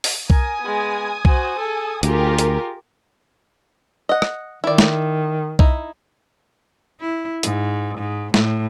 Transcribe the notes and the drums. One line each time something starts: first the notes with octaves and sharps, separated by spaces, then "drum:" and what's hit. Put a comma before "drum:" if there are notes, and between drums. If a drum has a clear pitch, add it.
drum: open hi-hat
A#4 G#5 D#6, drum: kick B1
G#3 B3
F#4 C5, drum: kick B1
G#4 A4
D2 F4 G4 G#4 A#4, drum: hi-hat
drum: hi-hat
D#5 F#5
drum: rim click
D#3 E4 D5
drum: snare
D#4 E4, drum: kick B1
E4
G#2, drum: hi-hat
G#2
A2, drum: snare